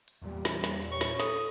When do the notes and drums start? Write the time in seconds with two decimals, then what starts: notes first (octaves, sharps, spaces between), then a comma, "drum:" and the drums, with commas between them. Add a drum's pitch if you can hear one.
0.08 drum: hi-hat
0.22 E2 A#2 G3
0.45 drum: snare
0.64 drum: snare
0.82 drum: hi-hat
0.91 C#5 C#6
1.01 drum: snare
1.20 A4 D#6, drum: snare